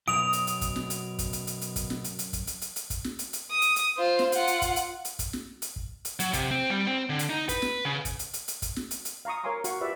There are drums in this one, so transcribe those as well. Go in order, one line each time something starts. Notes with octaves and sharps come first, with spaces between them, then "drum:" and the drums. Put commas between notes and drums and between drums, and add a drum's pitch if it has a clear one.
F#2 B2 D#6 D7 F7
drum: hi-hat
drum: hi-hat
drum: kick, hi-hat
drum: snare
drum: hi-hat
drum: kick, hi-hat
drum: hi-hat
drum: hi-hat
drum: hi-hat
drum: kick, hi-hat
drum: snare
drum: hi-hat
drum: hi-hat
drum: kick, hi-hat
drum: hi-hat
drum: hi-hat
drum: hi-hat
drum: kick, hi-hat
drum: snare
drum: hi-hat
drum: hi-hat
D#6
drum: hi-hat
drum: hi-hat
F4 C5
drum: snare
F4 F#5, drum: hi-hat
drum: hi-hat
drum: kick, hi-hat
drum: hi-hat
drum: hi-hat
drum: kick, hi-hat
drum: snare
drum: hi-hat
drum: kick
drum: hi-hat
F#3, drum: hi-hat
C3, drum: kick, hi-hat
C4
G3
C4
D3
drum: hi-hat
D#4
B4, drum: kick, hi-hat
drum: snare
C#3
drum: kick, hi-hat
drum: hi-hat
drum: hi-hat
drum: hi-hat
drum: kick, hi-hat
drum: snare
drum: hi-hat
drum: hi-hat
F5 A#5 C#6 D#6
A#4 C#5 F5 G#5 C6 D6
F#4 F5 C#6, drum: hi-hat
F4 G4 B4 D5 E5